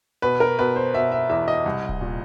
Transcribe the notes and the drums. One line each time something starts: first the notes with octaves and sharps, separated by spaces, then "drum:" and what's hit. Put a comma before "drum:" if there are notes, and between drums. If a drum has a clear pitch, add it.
B2 B4
A#4
B2 B4
C5
B2 E5
E5
E2 E5
D#5
C2
drum: kick D1
A#2